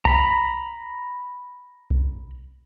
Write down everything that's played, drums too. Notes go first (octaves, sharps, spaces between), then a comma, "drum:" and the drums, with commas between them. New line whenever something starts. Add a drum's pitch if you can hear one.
A#5 B5, drum: kick B1
drum: kick B1